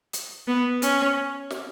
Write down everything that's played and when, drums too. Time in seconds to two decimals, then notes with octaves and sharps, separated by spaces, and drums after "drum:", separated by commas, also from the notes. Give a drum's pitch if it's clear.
0.13 drum: hi-hat
0.48 B3
0.82 C#4, drum: hi-hat
1.50 drum: snare